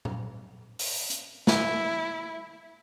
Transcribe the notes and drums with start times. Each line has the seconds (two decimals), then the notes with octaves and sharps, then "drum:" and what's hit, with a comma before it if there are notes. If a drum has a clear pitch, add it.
0.05 drum: tom A#2
0.79 drum: open hi-hat
1.10 drum: hi-hat
1.47 E4, drum: snare